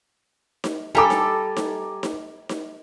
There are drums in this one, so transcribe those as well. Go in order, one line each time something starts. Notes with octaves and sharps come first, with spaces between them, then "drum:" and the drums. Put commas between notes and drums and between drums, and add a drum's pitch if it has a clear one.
drum: snare D#4
G3 A4 G#5 A#5 D6
drum: snare D#4
drum: snare D#4
drum: snare D#4
drum: snare D#4